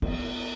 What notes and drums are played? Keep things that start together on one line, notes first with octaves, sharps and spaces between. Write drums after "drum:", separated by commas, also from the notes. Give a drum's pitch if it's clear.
B3, drum: cymbal